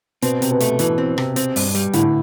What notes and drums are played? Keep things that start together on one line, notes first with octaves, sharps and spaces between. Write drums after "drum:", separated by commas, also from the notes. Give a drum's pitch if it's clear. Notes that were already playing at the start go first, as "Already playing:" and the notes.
B2 C4, drum: hi-hat
C3, drum: hi-hat
B2
A3, drum: hi-hat
B2 E3, drum: hi-hat
C4
C3, drum: rim click
C4, drum: hi-hat
G2, drum: open hi-hat
G3, drum: hi-hat
A2 D3, drum: hi-hat